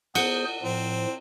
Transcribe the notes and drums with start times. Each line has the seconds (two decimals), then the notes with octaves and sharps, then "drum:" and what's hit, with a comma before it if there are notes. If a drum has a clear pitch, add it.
0.15 B3 G#4 C5 F#5, drum: cymbal
0.63 A2 F3 C4